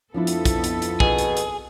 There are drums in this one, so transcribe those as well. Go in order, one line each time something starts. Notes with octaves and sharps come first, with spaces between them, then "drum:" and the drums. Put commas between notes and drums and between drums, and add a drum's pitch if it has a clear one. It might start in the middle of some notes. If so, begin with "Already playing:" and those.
F2 F3 B3 D4 E4 A4
drum: hi-hat
drum: kick, hi-hat
drum: hi-hat
drum: hi-hat
B2 G#4, drum: kick
drum: hi-hat
drum: hi-hat